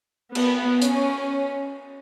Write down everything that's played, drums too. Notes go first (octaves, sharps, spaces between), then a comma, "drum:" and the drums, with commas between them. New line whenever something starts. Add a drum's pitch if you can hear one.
B3, drum: cymbal
C#4, drum: hi-hat